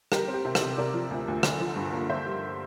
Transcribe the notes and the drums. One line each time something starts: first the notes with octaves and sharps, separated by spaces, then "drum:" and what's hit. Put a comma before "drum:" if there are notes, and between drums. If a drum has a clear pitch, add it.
G3 G4 A#4, drum: rim click
C4
G4
C3
G4, drum: rim click
C3
C3 A#4 D5
F3
D2
D2
D3, drum: rim click
F3
G2
A#3
D3 C5 E5
G3